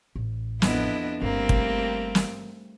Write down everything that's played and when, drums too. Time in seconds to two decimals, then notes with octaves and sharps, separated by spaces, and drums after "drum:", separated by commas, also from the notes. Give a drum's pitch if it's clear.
0.16 A1
0.62 F2 B3 D4 E4 D#5, drum: snare
1.22 G1 G3 A3 A#3 C4
1.49 drum: kick
2.15 drum: snare